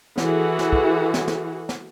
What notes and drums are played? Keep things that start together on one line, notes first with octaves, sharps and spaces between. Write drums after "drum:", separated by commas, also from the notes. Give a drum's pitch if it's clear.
E3 F#4 G#4 A4, drum: snare
drum: snare
drum: kick
drum: snare
drum: snare
drum: snare